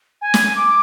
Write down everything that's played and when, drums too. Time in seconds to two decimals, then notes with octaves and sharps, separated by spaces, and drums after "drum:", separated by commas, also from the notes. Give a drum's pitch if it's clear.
0.21 G#5
0.34 drum: snare
0.56 D6